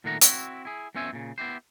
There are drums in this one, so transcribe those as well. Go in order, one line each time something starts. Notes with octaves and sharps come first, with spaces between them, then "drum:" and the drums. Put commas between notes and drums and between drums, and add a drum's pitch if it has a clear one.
A#2 D3 D#3 A3 F#5 A#5
C4 E4 F#4, drum: hi-hat
E4 G#4
F2 B3 C#4 C5 E5 G#5
A#2 C#3
B3 E4 G4 C5